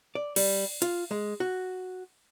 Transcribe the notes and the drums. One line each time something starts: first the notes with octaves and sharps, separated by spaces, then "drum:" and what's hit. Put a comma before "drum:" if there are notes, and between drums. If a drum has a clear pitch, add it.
D5
G3, drum: cymbal
F4, drum: hi-hat
G#3
F#4